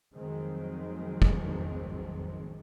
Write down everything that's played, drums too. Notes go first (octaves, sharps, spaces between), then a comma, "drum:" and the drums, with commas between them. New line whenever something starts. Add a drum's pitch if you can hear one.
F2 D#3 F#3 G#3 C4
drum: kick